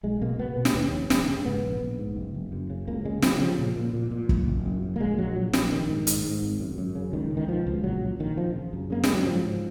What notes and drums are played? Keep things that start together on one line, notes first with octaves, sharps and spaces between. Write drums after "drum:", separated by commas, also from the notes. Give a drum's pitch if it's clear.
B1 G#3
B2 A#3
B2 B3
B2
B3, drum: snare
D#2 C#4
F1
F1, drum: snare
C#3
G#2 B3
A#1
A#1
G#2
F#1
F#1
F#2
C#3
C#2 A#3
C#3 G#3
C#3 F3, drum: snare
F#3
C#3 F3
A#2
A#2
A#2
A#2
F#1, drum: kick
F#1
F#2
F#2
A#3
A#1 G#3
A#1 F#3
A#2 F#3
A#1, drum: snare
A#1 D#3
G#2
G#2, drum: hi-hat
G#2
G#1
F#2
F#2
C#3
C#2 D#3
C#2
D#3
B2 F3
C#2
A#1 F#3
A#2
A#1 D#3
A#1 F3
C#3
F#2
C#3 A#3
C#3 G#3, drum: snare
F#3
G#2 F3
G#2